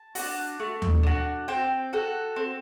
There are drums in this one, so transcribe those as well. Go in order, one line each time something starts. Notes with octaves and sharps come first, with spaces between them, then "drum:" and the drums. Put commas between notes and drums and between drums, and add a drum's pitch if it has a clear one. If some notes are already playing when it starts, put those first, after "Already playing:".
Already playing: A5
D4 F#4, drum: open hi-hat
A3
drum: tom D#2
D4 F#4
C4 G5
F#4 A4
C4